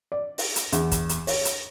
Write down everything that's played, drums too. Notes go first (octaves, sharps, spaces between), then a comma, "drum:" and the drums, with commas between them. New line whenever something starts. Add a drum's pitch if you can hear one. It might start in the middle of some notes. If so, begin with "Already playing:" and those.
D5
drum: open hi-hat
drum: hi-hat
E2, drum: hi-hat
drum: kick, hi-hat
drum: hi-hat
C#5, drum: open hi-hat
drum: hi-hat